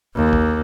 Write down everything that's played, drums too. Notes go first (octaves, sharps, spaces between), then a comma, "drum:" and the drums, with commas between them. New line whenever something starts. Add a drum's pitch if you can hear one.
D#2
drum: kick